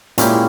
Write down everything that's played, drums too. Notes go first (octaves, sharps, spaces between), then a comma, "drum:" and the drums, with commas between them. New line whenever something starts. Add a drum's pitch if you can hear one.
A#2 G#3 C#4 E4 G4, drum: hi-hat